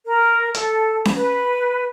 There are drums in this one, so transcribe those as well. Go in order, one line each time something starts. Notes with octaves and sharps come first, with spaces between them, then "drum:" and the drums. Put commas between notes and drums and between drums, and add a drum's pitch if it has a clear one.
A#4
A4, drum: hi-hat
drum: snare C#4
B4